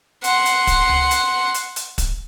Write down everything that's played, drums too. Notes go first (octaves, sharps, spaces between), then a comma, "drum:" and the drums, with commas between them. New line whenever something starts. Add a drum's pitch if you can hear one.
F#5 C6, drum: hi-hat
drum: hi-hat
drum: kick, hi-hat
drum: tom C#2
drum: hi-hat
drum: hi-hat
drum: hi-hat
drum: kick, hi-hat